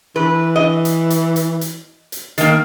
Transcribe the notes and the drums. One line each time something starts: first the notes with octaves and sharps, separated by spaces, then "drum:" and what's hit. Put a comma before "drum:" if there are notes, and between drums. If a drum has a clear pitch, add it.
E3 B4
D#5
drum: hi-hat
drum: hi-hat
drum: hi-hat
drum: hi-hat
drum: hi-hat
D#3 A#3, drum: hi-hat